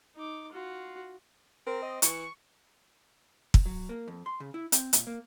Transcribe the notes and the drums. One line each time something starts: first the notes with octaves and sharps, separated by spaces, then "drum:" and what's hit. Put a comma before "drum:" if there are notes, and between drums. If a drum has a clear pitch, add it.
D#4 D6
F4 F#4
C4 A#4
D#5
E3 C#6, drum: hi-hat
drum: kick
F#3
A#3
F2
C6
C#3
E4
C4, drum: hi-hat
A#2, drum: hi-hat
A#3